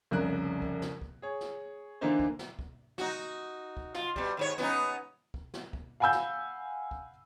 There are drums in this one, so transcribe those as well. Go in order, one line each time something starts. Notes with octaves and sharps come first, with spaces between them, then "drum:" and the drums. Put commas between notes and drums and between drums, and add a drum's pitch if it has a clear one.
F1 C2 C#3 A#4 F#6
drum: kick
drum: snare
drum: kick
G#4 C#5
drum: snare
D3 E3 A#3 D4 D#4 C5
drum: kick
drum: snare
drum: kick
D#4 F#4, drum: snare
drum: kick
F4, drum: snare
B2 G3, drum: kick
D#2 G#2 C#5
B3 C#4 D#4, drum: snare
drum: kick
drum: snare
drum: kick
F5 F#5 G#5 B5 E6 G6
drum: snare
drum: kick